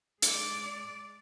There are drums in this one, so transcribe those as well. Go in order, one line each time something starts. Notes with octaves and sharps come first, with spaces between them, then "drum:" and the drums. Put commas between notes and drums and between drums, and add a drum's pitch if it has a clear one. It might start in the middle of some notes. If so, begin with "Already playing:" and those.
G#3 D5, drum: hi-hat